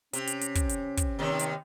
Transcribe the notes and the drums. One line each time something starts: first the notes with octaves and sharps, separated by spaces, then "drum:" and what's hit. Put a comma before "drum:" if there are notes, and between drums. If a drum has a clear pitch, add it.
C3 C#4, drum: hi-hat
drum: hi-hat
drum: hi-hat
drum: kick, hi-hat
drum: hi-hat
drum: kick, hi-hat
D#2 C3 D#3
drum: hi-hat